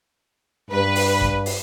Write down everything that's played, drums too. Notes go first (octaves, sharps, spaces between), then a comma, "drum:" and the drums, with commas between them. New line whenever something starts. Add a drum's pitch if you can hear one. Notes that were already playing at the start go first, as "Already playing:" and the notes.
G2 B4
drum: open hi-hat
drum: kick G#1
drum: open hi-hat